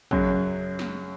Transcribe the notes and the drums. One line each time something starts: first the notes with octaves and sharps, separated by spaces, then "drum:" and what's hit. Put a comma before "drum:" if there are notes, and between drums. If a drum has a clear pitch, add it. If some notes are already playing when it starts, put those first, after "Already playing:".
F#2 C#3 F#3, drum: kick
drum: snare